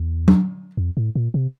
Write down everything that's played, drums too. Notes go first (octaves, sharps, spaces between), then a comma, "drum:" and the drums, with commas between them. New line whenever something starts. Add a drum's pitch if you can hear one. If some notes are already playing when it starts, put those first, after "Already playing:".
Already playing: E2
drum: tom F#3
F2
A2
A#2
C3